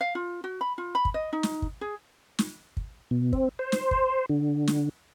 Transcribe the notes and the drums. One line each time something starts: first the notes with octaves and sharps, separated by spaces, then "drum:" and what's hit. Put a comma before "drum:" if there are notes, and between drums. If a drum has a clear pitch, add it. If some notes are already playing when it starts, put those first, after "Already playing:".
F5
F4
F#4
B5
F4
B5
drum: kick
D#5
D#4
drum: snare
drum: kick
G#4
drum: snare
drum: kick
B2
C4, drum: kick
C5
drum: snare
drum: kick
D3
drum: snare